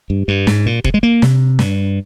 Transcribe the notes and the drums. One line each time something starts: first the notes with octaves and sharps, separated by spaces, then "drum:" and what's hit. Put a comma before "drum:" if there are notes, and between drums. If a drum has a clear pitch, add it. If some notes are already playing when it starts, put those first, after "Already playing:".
G2
G2
G#2, drum: snare
A#2
C3, drum: kick F1
G#3
A#3
C3, drum: snare
G2, drum: snare